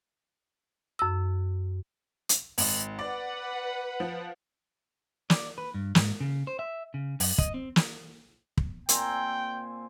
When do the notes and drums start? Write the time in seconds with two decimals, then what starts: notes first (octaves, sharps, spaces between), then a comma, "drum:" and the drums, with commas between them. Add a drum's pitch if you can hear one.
0.99 F#2 E6
2.29 drum: hi-hat
2.58 G#1, drum: open hi-hat
2.99 B4 D5 F#5
4.00 F3
5.30 D5, drum: snare
5.58 B4
5.74 G2
5.95 G#2, drum: snare
6.21 C#3
6.47 C5
6.59 E5
6.94 C#3
7.20 F#2, drum: open hi-hat
7.38 D#5, drum: kick
7.54 C4
7.76 drum: snare
8.57 drum: kick
8.89 A#2 C4 G5 G#5, drum: hi-hat